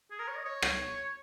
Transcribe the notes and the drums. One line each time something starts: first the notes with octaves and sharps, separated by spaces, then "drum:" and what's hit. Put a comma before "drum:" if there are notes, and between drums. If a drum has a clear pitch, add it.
G#4
A#4
C#5
D#5
C#5
drum: rim click